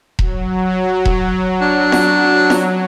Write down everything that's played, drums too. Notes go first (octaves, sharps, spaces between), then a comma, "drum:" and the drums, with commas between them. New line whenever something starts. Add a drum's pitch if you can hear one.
F#3, drum: kick E1
drum: kick E1
D4
drum: snare F4
drum: snare F4